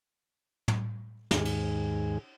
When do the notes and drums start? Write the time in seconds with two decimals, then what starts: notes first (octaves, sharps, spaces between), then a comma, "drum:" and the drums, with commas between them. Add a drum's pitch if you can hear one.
0.68 drum: tom
1.31 D#2 G#2 G#4, drum: snare
1.45 drum: cymbal